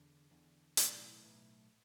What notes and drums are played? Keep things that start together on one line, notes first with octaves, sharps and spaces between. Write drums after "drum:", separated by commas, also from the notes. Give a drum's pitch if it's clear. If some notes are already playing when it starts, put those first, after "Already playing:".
Already playing: E2 D3
E2 D3
B1 A2 E3 D5, drum: hi-hat
B1 A2 E3